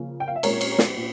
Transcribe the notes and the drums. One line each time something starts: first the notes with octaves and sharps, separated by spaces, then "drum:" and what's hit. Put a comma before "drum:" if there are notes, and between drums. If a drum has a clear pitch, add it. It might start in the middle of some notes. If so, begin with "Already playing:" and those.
Already playing: C#3 F3 A#3 C#4
G5
F5
E5
A#2 G#3 C4 A#4 C#5, drum: cymbal
drum: cymbal
drum: snare
A#2